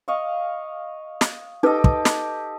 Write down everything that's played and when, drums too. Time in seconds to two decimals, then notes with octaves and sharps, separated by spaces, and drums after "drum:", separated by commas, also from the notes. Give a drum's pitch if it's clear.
0.08 D#5 F5 C#6
1.21 drum: snare
1.63 D#4 G4 A4 B4 D#5
1.84 drum: kick
2.05 drum: snare